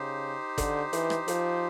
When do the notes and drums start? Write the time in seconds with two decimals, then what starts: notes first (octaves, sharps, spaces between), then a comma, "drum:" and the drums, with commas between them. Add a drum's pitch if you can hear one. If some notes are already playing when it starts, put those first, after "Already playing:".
Already playing: C#3 D#4 G4 C5
0.58 D3, drum: kick, hi-hat
0.93 E3, drum: hi-hat
1.10 drum: rim click
1.28 F3, drum: hi-hat